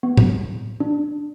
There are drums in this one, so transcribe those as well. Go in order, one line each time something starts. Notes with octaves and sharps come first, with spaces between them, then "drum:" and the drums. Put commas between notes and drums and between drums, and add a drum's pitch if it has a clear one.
B3
drum: tom A2
D4